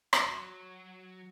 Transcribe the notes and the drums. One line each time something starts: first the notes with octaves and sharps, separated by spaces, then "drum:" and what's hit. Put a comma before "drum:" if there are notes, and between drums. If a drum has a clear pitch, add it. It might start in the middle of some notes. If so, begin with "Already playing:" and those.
drum: rim click
F#3